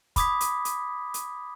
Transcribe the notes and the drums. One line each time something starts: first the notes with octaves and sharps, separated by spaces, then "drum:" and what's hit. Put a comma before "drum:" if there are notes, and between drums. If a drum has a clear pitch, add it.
B5 D6 D#6 G#6 B6, drum: kick, hi-hat
drum: hi-hat
drum: hi-hat
drum: hi-hat